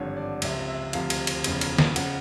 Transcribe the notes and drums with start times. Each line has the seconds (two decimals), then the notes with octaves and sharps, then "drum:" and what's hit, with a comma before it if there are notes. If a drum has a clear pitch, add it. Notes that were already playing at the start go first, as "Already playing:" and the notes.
Already playing: G#1 G2 D3 F3 C#5
0.16 D5
0.42 C#2 C3 F3 E5, drum: cymbal
0.68 E5
0.93 D2 C3 F3 F5, drum: cymbal
1.10 drum: cymbal
1.27 drum: cymbal
1.44 E1 E2 C#3 F3, drum: cymbal
1.61 drum: cymbal
1.78 drum: snare
1.96 C#3 F3 F#5, drum: cymbal